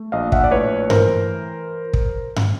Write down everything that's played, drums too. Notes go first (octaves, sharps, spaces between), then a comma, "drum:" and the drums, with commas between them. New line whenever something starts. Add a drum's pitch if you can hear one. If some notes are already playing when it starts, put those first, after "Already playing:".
Already playing: A3
A#1 D#5 F5
E5 F#5, drum: kick
D5
A2 B4 C#5
E3 A#4 C5, drum: tom G2
drum: kick
drum: tom G2